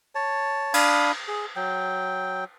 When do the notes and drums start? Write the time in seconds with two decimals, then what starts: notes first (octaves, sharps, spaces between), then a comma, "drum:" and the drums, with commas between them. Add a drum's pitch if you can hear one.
0.15 C#5 A5
0.74 D4 F5 B5 D#6, drum: cymbal
1.28 G#4
1.56 F#3 G5